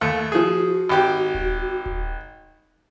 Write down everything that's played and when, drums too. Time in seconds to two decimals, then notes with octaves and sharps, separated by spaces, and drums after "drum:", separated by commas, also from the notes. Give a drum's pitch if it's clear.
0.01 D#2 A3 F5
0.32 F3 F#4 G#4
0.89 G#1 G4 G5
1.35 drum: kick D#1
1.86 drum: kick D#1